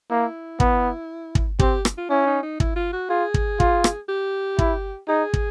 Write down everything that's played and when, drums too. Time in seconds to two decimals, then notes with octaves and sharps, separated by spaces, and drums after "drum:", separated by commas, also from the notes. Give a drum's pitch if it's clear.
0.10 A#3 E4
0.60 B3, drum: kick
1.35 drum: kick
1.59 C4 G4, drum: kick
1.85 drum: rim click
1.97 F4
2.10 C#4 E4
2.26 D#4
2.43 D#4
2.60 E4, drum: kick
2.76 F4
2.93 F#4
3.10 F4 G#4
3.34 drum: kick
3.60 F4, drum: kick
3.84 drum: rim click
4.09 G4
4.59 E4, drum: kick
5.08 D#4 G#4
5.34 drum: kick